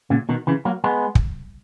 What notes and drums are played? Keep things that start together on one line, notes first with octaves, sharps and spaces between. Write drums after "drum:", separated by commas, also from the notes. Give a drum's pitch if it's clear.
A#2 C#3
B2 D#3
C#3 E3
F#3 A#3
G#3 B3
drum: kick